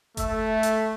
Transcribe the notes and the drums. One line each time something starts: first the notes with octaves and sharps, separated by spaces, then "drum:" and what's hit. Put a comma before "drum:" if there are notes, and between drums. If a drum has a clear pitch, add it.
A3 A4 E5, drum: kick F1, hi-hat
drum: hi-hat